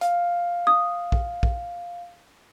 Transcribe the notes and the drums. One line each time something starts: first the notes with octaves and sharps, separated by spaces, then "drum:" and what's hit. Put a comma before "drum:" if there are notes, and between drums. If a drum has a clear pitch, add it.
F5, drum: hi-hat
D#6
drum: kick A#1
drum: kick A#1